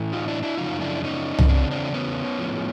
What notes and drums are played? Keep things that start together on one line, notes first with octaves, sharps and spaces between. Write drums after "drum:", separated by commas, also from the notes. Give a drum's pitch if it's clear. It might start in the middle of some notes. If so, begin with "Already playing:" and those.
Already playing: A2 E3
D#4 F4
D4 E4
D4 E4
F#2 C#3 F3 D#4 F4
D4 E4
C#4 D#4
drum: tom C2
E2 C#3 C4 D4
C4 D4
B3 C#4
A2 F3